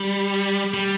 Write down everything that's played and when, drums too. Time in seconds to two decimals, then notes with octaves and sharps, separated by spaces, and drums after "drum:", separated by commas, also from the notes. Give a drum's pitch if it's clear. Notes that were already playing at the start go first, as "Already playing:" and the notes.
Already playing: G3
0.56 drum: open hi-hat
0.74 G3